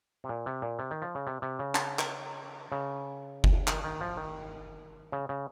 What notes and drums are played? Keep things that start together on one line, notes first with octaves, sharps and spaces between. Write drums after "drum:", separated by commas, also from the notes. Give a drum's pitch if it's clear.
C3
A#2
C3
A#2
C3
D#3
F3
C#3
C3
C3
C#3
drum: clap
drum: clap
C#3
drum: kick F#1
D#3, drum: clap
D#3
F3
D#3
C#3
C#3